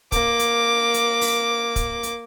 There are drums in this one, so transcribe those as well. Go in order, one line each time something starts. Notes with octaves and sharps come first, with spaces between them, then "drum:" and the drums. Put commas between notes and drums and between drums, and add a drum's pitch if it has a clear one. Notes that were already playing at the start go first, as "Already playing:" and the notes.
A#3 D6, drum: kick, hi-hat
drum: hi-hat
drum: hi-hat
drum: open hi-hat
drum: kick, hi-hat
drum: hi-hat